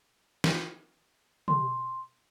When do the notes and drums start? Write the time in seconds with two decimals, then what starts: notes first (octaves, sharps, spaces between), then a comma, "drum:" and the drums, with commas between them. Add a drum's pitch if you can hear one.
0.44 drum: snare
1.48 C6, drum: tom